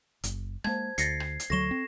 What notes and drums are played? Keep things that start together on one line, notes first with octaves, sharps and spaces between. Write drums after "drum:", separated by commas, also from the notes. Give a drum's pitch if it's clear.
F#1, drum: hi-hat
G#3 A#3 C5 A5 G#6, drum: rim click
D2 A6 A#6 C7 C#7, drum: hi-hat
drum: rim click
drum: hi-hat
D2 F#3 A4 C#6 A#6 E7 G7
C4